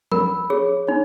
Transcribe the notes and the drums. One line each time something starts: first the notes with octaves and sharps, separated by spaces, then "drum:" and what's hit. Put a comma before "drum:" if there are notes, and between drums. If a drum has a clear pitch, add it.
A#4 B5, drum: tom F3
G#4 C#5
D#4 C#5